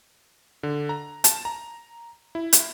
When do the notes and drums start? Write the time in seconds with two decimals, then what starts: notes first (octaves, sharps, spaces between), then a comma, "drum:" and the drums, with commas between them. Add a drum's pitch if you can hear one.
0.63 D3
0.89 A#5
1.24 A5, drum: hi-hat
1.45 A#5
2.35 E4
2.53 drum: hi-hat